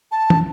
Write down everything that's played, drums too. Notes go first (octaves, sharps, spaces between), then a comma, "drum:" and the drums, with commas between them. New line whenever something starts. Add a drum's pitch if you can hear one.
A5
drum: tom